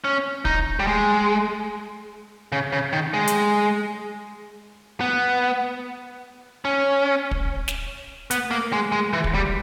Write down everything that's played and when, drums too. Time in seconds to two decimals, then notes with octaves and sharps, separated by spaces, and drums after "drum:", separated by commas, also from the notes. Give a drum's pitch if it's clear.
0.04 C#4
0.45 D#4, drum: kick
0.79 G3
0.87 G#3
2.52 C#3
2.72 C#3
2.93 D#3
3.14 G#3
3.28 drum: hi-hat
5.01 B3
6.65 C#4
7.31 drum: kick
7.68 drum: snare
8.31 B3, drum: hi-hat
8.51 A#3
8.73 G#3
8.92 G#3
9.13 E3
9.24 drum: kick
9.35 G3